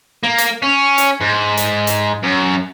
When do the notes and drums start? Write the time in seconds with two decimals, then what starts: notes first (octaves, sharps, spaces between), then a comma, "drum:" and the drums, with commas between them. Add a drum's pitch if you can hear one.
0.23 A#3
0.38 drum: hi-hat
0.63 C#4
0.98 drum: hi-hat
1.21 G#2
1.57 drum: hi-hat
1.87 drum: hi-hat
2.23 F#2